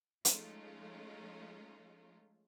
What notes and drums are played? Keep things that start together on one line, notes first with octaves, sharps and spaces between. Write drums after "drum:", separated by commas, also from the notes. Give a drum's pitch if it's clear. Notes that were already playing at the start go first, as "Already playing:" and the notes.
F3 G#3 A3 C#4 D#4 F4, drum: hi-hat